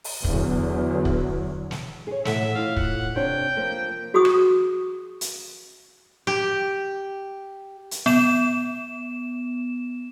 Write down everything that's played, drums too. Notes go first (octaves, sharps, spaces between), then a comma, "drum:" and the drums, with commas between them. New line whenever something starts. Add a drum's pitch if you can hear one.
drum: open hi-hat
E2 D3 F#3, drum: kick
drum: kick
drum: snare
G#4 C#5
A2 A4 E5 F#5, drum: snare
A2 E3 F4 F5
F#5, drum: kick
C3 D4 C#5 G5
F3 A#3
F#4 G#4 C#6 D#6
drum: rim click
drum: hi-hat
G4
drum: hi-hat
B3 E7, drum: snare